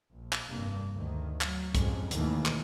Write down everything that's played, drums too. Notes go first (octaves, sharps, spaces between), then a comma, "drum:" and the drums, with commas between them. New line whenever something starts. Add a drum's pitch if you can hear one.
A#1
drum: clap
F1 G2 A#3
D2 D#3
F#3, drum: clap
F2 G#2 C#3 G3 G#3, drum: kick, hi-hat
D#2 B2 D#3 E3 A3 A#3, drum: hi-hat
drum: clap